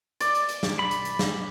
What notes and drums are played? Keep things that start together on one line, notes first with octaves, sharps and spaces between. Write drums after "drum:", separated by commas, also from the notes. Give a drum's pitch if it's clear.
D5, drum: hi-hat
drum: hi-hat
drum: hi-hat
drum: snare
B5
drum: hi-hat
drum: hi-hat
drum: snare